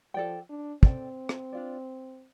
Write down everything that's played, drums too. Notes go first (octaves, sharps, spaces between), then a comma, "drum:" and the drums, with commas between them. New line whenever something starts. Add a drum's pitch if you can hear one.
F3 A4 D5 G5
D4
C4 A4 D5 G5, drum: kick
drum: rim click
D4 F4 D5